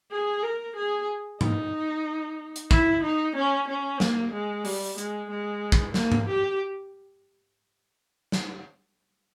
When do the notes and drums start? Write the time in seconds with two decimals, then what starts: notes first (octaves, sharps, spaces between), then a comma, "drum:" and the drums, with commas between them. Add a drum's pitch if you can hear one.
0.12 G#4
0.43 A#4
0.76 G#4
1.41 D#4, drum: tom G#2
2.56 drum: hi-hat
2.71 E4, drum: kick
3.04 D#4
3.36 C#4
3.68 C#4
4.00 A#3, drum: snare
4.33 G#3
4.65 G3, drum: open hi-hat
4.98 G#3, drum: hi-hat
5.30 G#3
5.72 drum: kick
5.94 A#3, drum: snare
6.12 drum: tom G#2
6.28 G4
8.32 drum: snare